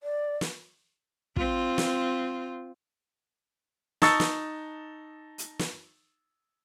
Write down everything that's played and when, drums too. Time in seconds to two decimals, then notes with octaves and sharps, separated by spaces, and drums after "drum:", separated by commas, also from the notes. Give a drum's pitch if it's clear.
0.03 D5
0.41 drum: snare
1.36 C4 F4, drum: kick
1.78 drum: snare
4.02 D#4 A5 C#6 E6 A6 C#7, drum: snare
4.20 drum: snare
5.38 drum: hi-hat
5.59 drum: snare